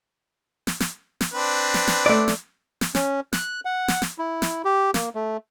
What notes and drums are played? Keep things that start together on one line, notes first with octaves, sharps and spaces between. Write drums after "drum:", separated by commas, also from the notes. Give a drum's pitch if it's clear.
drum: snare
drum: snare
drum: snare
C4 D4 B4
drum: snare
drum: snare
A3 D5
drum: snare
drum: snare
C#4, drum: snare
F#6, drum: snare
F#5
drum: snare
drum: snare
E4
drum: snare
G4
A#3, drum: snare
A3